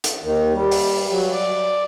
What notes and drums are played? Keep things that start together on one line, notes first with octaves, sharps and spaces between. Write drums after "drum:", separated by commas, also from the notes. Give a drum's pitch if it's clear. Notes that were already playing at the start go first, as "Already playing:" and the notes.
drum: hi-hat
D#2 D#3
G3
drum: open hi-hat
F#3
D5